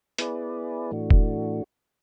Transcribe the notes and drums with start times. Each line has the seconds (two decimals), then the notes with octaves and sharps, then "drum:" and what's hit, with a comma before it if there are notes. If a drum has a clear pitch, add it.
0.18 B3 E4 G#4 B4 D5, drum: hi-hat
0.91 A2 E3 A3 D4 F#4
1.10 drum: kick E1